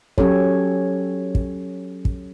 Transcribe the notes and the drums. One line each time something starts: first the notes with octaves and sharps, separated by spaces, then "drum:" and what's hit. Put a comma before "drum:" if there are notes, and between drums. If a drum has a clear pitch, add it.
F#3 C#4 G4 A4 C#5, drum: kick
drum: kick
drum: kick